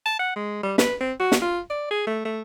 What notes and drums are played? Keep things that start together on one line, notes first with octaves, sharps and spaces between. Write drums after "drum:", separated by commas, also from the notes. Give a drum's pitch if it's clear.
A5
F#5
G#3
G3
B4, drum: snare
C4
F#4
drum: snare
F4
D5
G#4
A3
A3